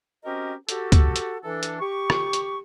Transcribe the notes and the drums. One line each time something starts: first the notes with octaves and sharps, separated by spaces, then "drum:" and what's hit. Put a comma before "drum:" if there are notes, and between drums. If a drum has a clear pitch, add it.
C4 C#4 F#4 G4 A#4 D#5
F#4 G4 A4, drum: hi-hat
drum: kick C#2, hi-hat
drum: hi-hat
E3 D4 A4
drum: hi-hat
G4 C#6
drum: rim click
drum: hi-hat